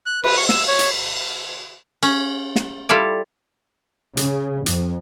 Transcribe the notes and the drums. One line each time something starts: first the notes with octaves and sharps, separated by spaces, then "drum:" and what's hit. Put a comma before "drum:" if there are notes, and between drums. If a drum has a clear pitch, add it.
F#6
B4, drum: cymbal
C#6
E6, drum: snare
C#5
drum: hi-hat
C#4, drum: cymbal
drum: snare
G3 E4 F4 A4 D5
C#3, drum: hi-hat
F2, drum: hi-hat